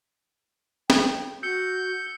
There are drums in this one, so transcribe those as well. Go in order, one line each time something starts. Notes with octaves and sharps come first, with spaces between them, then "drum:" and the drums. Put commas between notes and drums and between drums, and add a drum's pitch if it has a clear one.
G5, drum: snare
F#4 E6 G6 C#7